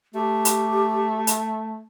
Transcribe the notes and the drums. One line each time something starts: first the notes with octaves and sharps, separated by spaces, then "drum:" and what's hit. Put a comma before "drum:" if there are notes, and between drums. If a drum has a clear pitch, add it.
A3 G4
drum: hi-hat
drum: hi-hat